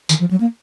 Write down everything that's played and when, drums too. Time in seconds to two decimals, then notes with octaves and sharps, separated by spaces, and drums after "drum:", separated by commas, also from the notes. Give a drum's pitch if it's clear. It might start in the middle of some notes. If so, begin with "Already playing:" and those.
0.09 D#3, drum: tambourine
0.20 F3
0.31 F#3
0.41 A#3